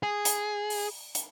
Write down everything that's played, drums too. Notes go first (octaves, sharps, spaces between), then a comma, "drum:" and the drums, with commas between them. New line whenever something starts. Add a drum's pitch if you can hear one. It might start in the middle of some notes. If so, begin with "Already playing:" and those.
G#4
drum: hi-hat
drum: open hi-hat
drum: hi-hat